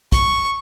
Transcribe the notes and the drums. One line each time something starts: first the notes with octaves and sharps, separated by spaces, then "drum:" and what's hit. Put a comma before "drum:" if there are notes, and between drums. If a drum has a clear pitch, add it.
C#6, drum: kick, hi-hat